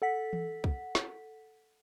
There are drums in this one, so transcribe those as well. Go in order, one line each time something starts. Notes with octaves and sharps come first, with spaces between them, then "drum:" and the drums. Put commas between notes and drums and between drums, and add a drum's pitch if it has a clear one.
A4 F#5 B6
drum: tom E3
drum: kick
drum: snare